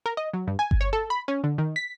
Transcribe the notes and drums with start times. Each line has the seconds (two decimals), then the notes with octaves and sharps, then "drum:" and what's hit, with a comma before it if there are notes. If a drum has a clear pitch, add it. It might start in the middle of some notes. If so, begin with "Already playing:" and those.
0.06 A#4
0.17 D#5
0.34 F#3
0.47 G2
0.59 G#5
0.71 drum: kick G1
0.81 C#5
0.93 A4
1.10 B5
1.28 C#4
1.44 D3
1.58 D#3
1.76 B6